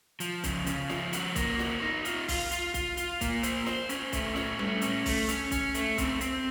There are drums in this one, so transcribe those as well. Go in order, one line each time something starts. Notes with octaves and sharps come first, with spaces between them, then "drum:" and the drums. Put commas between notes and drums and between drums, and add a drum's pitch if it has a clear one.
F3, drum: hi-hat
C#3, drum: kick B1, hi-hat
C#3, drum: hi-hat
F3, drum: snare
F#4, drum: hi-hat
A#3, drum: kick B1, hi-hat
F#4, drum: snare
D#4
F4, drum: hi-hat
F4, drum: kick B1, open hi-hat
F4, drum: hi-hat
F4, drum: kick B1, hi-hat
F4, drum: hi-hat
A#3, drum: kick B1, hi-hat
C5, drum: hi-hat
C5, drum: snare
C#4, drum: hi-hat
A3, drum: kick B1, hi-hat
C#4, drum: snare
A3, drum: tom G3
C#4, drum: hi-hat
A3, drum: kick B1, open hi-hat
C#4, drum: hi-hat
C#4, drum: kick B1, hi-hat
A3, drum: hi-hat
C4, drum: kick B1, hi-hat
C4, drum: hi-hat